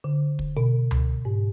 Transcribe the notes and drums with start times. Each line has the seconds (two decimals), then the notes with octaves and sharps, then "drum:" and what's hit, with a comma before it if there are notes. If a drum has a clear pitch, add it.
0.04 D3
0.39 drum: kick
0.57 B2
0.91 drum: tom C#2
1.25 G#2